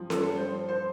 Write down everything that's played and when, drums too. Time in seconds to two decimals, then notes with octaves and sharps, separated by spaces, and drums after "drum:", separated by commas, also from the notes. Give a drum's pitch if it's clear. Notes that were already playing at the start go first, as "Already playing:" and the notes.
Already playing: G2 F3
0.10 A4, drum: snare C#4
0.35 C5
0.69 C5